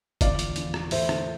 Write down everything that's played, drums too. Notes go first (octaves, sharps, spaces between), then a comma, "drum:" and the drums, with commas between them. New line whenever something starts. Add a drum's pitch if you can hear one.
E2 D3 F3 D5 F5, drum: kick F1, hi-hat
drum: hi-hat
E2 D3 F3, drum: hi-hat
drum: rim click
A2 E3 A3 C5 E5, drum: open hi-hat
drum: rim click